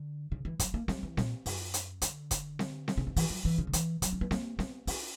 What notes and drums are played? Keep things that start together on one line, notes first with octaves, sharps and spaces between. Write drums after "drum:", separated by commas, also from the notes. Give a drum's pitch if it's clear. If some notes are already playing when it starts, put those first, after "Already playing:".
Already playing: D3
C#3
E3
F#3, drum: kick, hi-hat
A#3
G3, drum: snare C4
E3
A#2, drum: snare C4
F#2, drum: open hi-hat
drum: hi-hat
D3, drum: hi-hat
drum: kick, hi-hat
drum: snare C4
drum: snare C4
C#3
D3
E3, drum: open hi-hat
F#3
E3
C#3
F#3
E3, drum: hi-hat
F#3, drum: kick, hi-hat
C#4
B3
A#3, drum: snare C4
B3, drum: snare C4
C#4, drum: open hi-hat